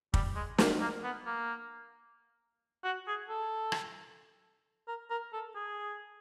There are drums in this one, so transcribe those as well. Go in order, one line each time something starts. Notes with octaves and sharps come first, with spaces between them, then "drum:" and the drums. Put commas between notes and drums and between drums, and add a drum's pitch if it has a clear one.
G3, drum: kick
G#3
A#3, drum: snare
A#3
B3
A#3
F#4
G#4
A4
drum: rim click
A#4
A#4
A4
G#4